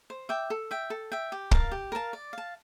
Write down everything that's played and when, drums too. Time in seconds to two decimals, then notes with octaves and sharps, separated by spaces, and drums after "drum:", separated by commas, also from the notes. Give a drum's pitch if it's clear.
0.10 C5
0.29 E5 G5 D6
0.50 A4
0.71 E5 G5
0.90 A4
1.12 E5 G5
1.32 G4
1.51 A#4 F5 A5, drum: kick
1.72 G4
1.92 A#4 F5 A5
2.13 D5
2.33 F5 A5